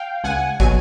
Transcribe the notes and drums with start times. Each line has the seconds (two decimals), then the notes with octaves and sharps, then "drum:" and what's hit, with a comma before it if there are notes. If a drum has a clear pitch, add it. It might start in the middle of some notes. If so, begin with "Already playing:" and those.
Already playing: F5 G5
0.24 C#2 F#5 G#5
0.60 B2 F#3 G#5, drum: kick